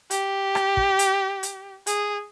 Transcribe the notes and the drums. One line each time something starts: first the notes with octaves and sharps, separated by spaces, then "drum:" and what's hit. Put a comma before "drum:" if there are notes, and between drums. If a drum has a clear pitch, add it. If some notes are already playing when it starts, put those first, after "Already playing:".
G4, drum: hi-hat
drum: rim click
drum: kick
drum: hi-hat
drum: hi-hat
G#4, drum: hi-hat